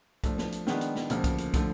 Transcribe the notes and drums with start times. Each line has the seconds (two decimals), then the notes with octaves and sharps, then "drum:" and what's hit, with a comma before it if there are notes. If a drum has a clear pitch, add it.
0.24 F3 A3 D4, drum: kick, hi-hat
0.38 drum: snare
0.52 drum: hi-hat
0.67 D#3 G#3 B3 D4, drum: snare
0.81 drum: hi-hat
0.95 drum: snare
1.10 D2 C#3 F3 A#3, drum: hi-hat
1.24 drum: kick, hi-hat
1.38 drum: hi-hat
1.54 D3 F3 A3, drum: kick, hi-hat